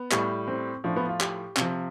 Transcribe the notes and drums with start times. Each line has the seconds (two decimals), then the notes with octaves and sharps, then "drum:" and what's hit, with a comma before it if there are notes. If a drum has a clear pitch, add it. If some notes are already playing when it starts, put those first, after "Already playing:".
Already playing: B3
0.12 A2 G3, drum: clap
0.48 C4
0.84 A2 F3 D4
0.96 B3
1.09 F4
1.21 G4, drum: clap
1.57 C3 F3, drum: clap